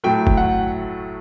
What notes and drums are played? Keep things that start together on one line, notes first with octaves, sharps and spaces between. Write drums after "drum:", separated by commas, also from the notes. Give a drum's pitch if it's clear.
A2 F#3 A3 G5
drum: kick
F#5